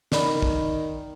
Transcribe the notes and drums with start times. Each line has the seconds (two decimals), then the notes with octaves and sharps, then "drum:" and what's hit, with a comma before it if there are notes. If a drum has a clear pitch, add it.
0.12 D#3 D5 B5, drum: snare
0.42 drum: kick